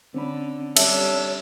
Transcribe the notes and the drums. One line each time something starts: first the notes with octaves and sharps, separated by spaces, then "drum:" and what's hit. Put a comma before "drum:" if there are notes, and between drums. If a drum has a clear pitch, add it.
D3 C4 C#4 B5
G3 D4 A4 C#5 E5, drum: cymbal